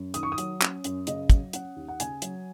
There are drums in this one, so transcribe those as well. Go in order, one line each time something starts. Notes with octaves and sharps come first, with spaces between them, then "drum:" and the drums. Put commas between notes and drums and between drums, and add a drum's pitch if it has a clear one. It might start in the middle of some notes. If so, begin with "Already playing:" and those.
Already playing: F#2
D#3 D#6, drum: hi-hat
C#6
D#6
F#3, drum: hi-hat
C#4, drum: clap
F#2, drum: hi-hat
C#3 D#5, drum: hi-hat
F#3, drum: kick, hi-hat
C#4 F#5, drum: hi-hat
D#2
F#5
C#3 G#5, drum: hi-hat
F#3, drum: hi-hat